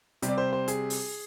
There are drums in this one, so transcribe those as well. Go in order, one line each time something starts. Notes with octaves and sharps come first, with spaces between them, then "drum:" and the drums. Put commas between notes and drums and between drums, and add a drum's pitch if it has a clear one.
C3 G3 C4, drum: hi-hat
D5
C5
C5
G#4, drum: hi-hat
drum: open hi-hat